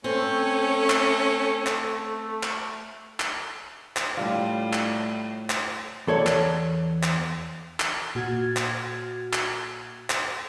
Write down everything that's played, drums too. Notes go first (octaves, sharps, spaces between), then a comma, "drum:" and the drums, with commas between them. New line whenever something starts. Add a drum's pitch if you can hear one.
A3 C4 C#4 A4
drum: clap
drum: clap
drum: clap
drum: clap
drum: clap
A2 G3 D4 F4
drum: clap
drum: clap
E2 A4 C#5 D5
drum: clap
drum: clap
drum: clap
A#2 F#4 F6 G#6 A6
drum: clap
drum: clap
drum: clap